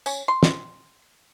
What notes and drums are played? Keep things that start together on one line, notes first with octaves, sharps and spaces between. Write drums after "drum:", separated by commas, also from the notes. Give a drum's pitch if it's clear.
C#4, drum: tambourine
C6
drum: snare